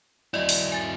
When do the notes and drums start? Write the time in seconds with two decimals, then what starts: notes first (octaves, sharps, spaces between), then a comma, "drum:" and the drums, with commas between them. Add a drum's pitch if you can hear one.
0.34 F#3 E4 D5 D#5
0.49 drum: open hi-hat
0.72 G#5 A6